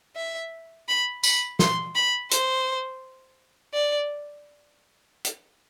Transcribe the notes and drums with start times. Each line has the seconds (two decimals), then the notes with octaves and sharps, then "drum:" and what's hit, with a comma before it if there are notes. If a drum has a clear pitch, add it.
0.16 E5
0.88 B5
1.23 B5, drum: tambourine
1.59 C6, drum: snare
1.95 B5
2.31 C5, drum: hi-hat
3.74 D5
5.25 drum: hi-hat